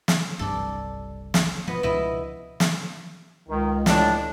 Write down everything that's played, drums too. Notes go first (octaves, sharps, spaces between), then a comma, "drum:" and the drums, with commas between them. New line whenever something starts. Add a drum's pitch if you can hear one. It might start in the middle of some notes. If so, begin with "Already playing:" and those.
drum: snare
F#1 C2 G2 A4 D5
drum: snare
B2 F3 B3 D#5
C#2 B2 F3 E4 D#5
drum: snare
C#2 D#3
A2 G3 D4, drum: snare